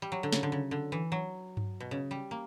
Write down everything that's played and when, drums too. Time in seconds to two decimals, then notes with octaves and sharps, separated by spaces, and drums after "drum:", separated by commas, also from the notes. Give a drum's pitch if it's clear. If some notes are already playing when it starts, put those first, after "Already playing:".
0.02 G3
0.12 F#3
0.23 D3
0.32 C#3, drum: snare
0.43 D3
0.52 C#3
0.71 D3
0.92 E3
1.12 F#3
1.57 drum: tom G2
1.80 B2
1.91 C#3
2.11 G3
2.31 A#3